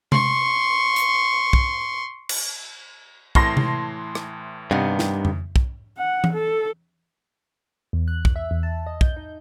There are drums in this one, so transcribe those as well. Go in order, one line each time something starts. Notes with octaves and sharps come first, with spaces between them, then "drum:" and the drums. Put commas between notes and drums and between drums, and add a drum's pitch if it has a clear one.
C6 C#6, drum: tom C3
drum: hi-hat
drum: kick
drum: cymbal
A2 E3 A5 C6 A#6, drum: kick
drum: tom C3
drum: rim click
G2 C3 D#3 B3
drum: snare
drum: tom F2
drum: kick
F#5
drum: tom E3
A4
E2
F#6
drum: kick
E5
E2
A5
D#5
G6, drum: kick
D#4